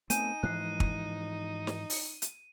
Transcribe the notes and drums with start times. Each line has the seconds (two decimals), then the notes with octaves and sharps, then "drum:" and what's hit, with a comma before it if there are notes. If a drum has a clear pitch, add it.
0.10 A3 B3 C4 D#4 G#5 G6 D#7, drum: hi-hat
0.43 G#2 E3 F3 F#6 C7
0.80 drum: kick
1.67 drum: snare
1.90 drum: open hi-hat
2.22 drum: hi-hat